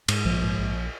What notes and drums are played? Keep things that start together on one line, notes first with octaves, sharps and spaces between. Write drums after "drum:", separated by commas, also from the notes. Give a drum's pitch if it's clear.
G#2, drum: cymbal
A#1 F3
G#2
A#1